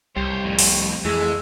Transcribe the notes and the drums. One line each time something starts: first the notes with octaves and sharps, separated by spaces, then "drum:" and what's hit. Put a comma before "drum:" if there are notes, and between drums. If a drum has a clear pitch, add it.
C2 G3 C5 C#5
F2 A2
drum: open hi-hat
F2 E3 G#3 A3 G#4 E6